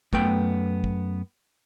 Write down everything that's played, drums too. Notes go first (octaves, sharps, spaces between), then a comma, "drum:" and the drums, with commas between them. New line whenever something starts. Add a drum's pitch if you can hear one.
F#2 A3 B3 G5, drum: kick
drum: kick